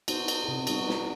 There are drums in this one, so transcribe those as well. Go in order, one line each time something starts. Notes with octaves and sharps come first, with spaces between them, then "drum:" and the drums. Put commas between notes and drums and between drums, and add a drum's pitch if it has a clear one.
B3 D#4 F#4 C5, drum: cymbal
drum: cymbal
C3 G#4
G3 B3 D#4 F#4, drum: cymbal
drum: snare